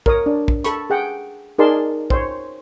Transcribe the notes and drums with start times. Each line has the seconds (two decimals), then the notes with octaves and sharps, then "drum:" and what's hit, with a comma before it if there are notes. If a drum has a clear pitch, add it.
0.06 A#4 C#5 D#6, drum: kick
0.26 D4
0.48 drum: kick
0.64 A4 B5 C#6, drum: hi-hat
0.90 G#4 F#5 G5
1.58 D#4 G#4 A#4 D5 A5 C6
2.10 C5 C#5, drum: kick